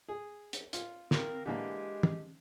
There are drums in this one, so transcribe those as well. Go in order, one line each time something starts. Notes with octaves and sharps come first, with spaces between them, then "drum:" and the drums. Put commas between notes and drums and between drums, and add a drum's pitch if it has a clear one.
G#4
drum: hi-hat
F4, drum: hi-hat
A#3 C4 A#4, drum: snare
D3 E3 G#3 A#3 G4
drum: tom